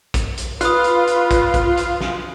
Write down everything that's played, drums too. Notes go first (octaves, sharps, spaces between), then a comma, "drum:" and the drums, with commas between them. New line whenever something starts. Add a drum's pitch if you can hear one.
drum: kick, hi-hat
drum: hi-hat
F4 B4 D#6 F#6, drum: hi-hat
drum: hi-hat
drum: hi-hat
drum: kick, hi-hat
drum: kick, hi-hat
drum: hi-hat
drum: snare